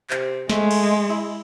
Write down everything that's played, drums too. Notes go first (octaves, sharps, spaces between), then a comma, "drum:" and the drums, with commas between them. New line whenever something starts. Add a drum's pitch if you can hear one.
C3, drum: clap
G#3 A3, drum: snare
drum: cymbal
E4